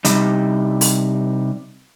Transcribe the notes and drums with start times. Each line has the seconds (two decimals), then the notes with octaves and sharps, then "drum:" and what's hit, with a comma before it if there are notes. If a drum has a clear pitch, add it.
0.05 C3 G3 D#4, drum: hi-hat
0.81 drum: open hi-hat